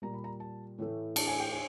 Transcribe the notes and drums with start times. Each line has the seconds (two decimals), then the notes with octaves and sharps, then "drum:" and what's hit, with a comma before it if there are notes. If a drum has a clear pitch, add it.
0.02 A#2 G3 A#5
0.13 B5
0.24 A#5
0.40 A5
0.78 A2 E3 A3
1.16 A5, drum: cymbal
1.28 G#5
1.40 G5
1.52 G#5